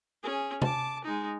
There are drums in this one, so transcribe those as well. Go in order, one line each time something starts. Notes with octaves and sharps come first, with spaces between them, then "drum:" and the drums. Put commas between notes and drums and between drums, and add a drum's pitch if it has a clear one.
C#4 G#4
A5 D6, drum: tom C3
G#3 D#4